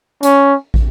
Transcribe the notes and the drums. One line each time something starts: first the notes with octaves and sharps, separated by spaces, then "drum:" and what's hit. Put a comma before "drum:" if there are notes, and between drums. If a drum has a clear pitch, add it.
C#4, drum: hi-hat
drum: kick